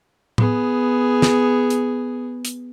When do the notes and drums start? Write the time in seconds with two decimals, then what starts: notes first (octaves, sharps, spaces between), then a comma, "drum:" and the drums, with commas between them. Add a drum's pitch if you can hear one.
0.38 B3 G#4, drum: tom A2
1.22 drum: snare
1.70 drum: hi-hat
2.45 drum: hi-hat